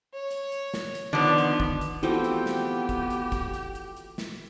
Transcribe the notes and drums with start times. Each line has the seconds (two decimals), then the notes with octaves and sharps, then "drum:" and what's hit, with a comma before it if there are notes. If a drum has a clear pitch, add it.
0.14 C#5
0.31 drum: hi-hat
0.52 drum: hi-hat
0.74 drum: snare
0.95 drum: hi-hat
1.13 D3 D#3 F3 B3
1.38 drum: hi-hat
1.60 drum: kick
1.81 drum: hi-hat
2.03 E3 F3 B3 C4 F#4 G4 A4, drum: hi-hat
2.24 drum: hi-hat
2.46 drum: snare
2.89 drum: kick, hi-hat
3.10 drum: hi-hat
3.32 drum: kick, hi-hat
3.54 drum: hi-hat
3.75 drum: hi-hat
3.97 drum: hi-hat
4.18 drum: snare